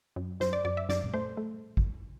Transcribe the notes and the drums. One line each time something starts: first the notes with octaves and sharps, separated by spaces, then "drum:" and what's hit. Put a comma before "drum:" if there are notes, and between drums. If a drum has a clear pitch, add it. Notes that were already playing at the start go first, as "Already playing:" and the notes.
F#2
F#2 C5, drum: snare
D5
F#2 D5
E5
F#2 D5, drum: snare
drum: tom A#2
A3 C5
A3
drum: kick G#1